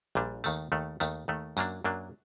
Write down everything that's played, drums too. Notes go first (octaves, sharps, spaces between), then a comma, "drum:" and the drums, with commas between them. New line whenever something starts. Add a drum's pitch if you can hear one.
A#1 A#2 G3 D4
D#2 D#3 A3, drum: tambourine
D#2 D#3 A3
D#2 D#3 A3, drum: tambourine
D#2 D#3 A3
F#2 F#3 A#3 D4, drum: tambourine
F#2 F#3 A#3 D4